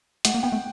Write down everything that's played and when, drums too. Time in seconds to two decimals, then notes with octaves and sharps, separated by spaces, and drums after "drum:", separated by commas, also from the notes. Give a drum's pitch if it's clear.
0.25 A3 F#5, drum: hi-hat
0.34 A#3
0.43 B3 G5
0.52 A3